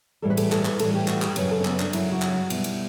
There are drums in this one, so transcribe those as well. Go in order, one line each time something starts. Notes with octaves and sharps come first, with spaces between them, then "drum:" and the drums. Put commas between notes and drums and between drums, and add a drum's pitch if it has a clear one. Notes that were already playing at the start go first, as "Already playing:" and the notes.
A2 E3 G3 A4
B4
A4, drum: cymbal
A4, drum: clap
B4, drum: clap
A2 E3 G3 A4, drum: cymbal
G4
F#4, drum: clap
G4, drum: clap
F#2 C#3 F#3 B4, drum: cymbal
A4
C#4
B3, drum: clap
D4, drum: clap
F#2 C#3 F#3 E4, drum: cymbal
F#4
drum: clap
F#4
B2 G3 E4, drum: cymbal
drum: cymbal